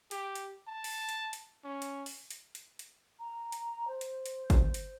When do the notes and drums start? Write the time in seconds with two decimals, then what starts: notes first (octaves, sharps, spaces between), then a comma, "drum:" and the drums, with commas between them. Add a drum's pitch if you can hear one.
0.11 G4, drum: hi-hat
0.35 drum: hi-hat
0.67 A5
0.84 drum: open hi-hat
1.09 drum: hi-hat
1.33 drum: hi-hat
1.64 C#4
1.82 drum: hi-hat
2.06 drum: open hi-hat
2.31 drum: hi-hat
2.55 drum: hi-hat
2.79 drum: hi-hat
3.20 A#5
3.52 drum: hi-hat
3.88 C5
4.01 drum: hi-hat
4.26 drum: hi-hat
4.50 drum: kick, hi-hat
4.74 drum: hi-hat